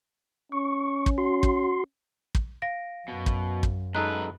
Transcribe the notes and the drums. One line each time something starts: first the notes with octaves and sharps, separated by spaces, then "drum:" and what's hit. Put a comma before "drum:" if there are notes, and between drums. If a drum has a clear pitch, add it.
C#4 C#6
drum: kick
F#4 C6
drum: kick
drum: kick
F5 A#6 D7
F#2 B2
drum: kick
drum: kick
F#2 G#3 D#4 A4 B4 A#5 F#6